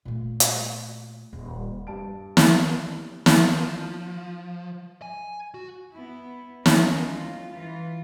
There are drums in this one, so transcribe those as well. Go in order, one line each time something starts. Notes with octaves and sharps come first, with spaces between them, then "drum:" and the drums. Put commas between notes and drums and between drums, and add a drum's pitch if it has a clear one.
A#2 A3
drum: hi-hat
D#1
G2 G3 A5 D7
drum: snare
drum: snare
F3
G#5
F#4
B3 E4
G3 A3 C#4 D#4, drum: snare
F4
E3 F4